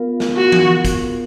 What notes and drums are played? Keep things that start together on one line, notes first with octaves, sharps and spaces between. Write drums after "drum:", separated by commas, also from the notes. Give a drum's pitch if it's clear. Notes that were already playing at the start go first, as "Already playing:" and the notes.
Already playing: B3 F4 A#4 F5
drum: snare
F#4
drum: tom E3
drum: kick, hi-hat